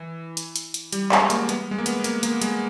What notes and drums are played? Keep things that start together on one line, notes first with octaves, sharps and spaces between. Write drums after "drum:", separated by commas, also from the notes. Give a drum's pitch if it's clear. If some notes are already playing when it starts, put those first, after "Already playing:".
Already playing: E3
drum: hi-hat
drum: hi-hat
drum: hi-hat
G3, drum: hi-hat
G#3, drum: clap
A#3, drum: hi-hat
B3, drum: hi-hat
G#3
A#3
B3, drum: hi-hat
A#3, drum: hi-hat
A#3, drum: hi-hat
G#3, drum: hi-hat